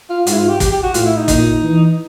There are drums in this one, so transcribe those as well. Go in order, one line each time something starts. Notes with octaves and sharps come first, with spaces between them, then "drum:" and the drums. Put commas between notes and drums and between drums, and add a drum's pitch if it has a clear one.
F4
G#2 F#4, drum: hi-hat
E4
F4
G4
G4, drum: kick, hi-hat
G4
F#4
A2 F4, drum: hi-hat
E4
D#4
A#2 D#4, drum: kick, hi-hat
E3